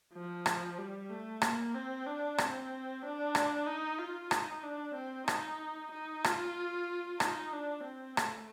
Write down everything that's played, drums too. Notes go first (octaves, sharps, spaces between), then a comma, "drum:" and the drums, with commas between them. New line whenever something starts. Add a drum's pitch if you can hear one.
F3
drum: rim click
G3
A3
A#3, drum: rim click
C4
D4
C4, drum: rim click
D4
drum: rim click
D#4
F4
D#4, drum: rim click
D4
C4
D#4, drum: rim click
D#4
F4, drum: rim click
D#4, drum: rim click
D4
C4
A3, drum: rim click